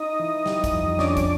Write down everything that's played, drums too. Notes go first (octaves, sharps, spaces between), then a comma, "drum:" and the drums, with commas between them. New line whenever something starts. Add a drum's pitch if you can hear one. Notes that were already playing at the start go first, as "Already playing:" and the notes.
Already playing: D#4 D#5
E3
G3, drum: snare
drum: kick, hi-hat
F2
C#4 D4 D5, drum: snare
drum: kick, hi-hat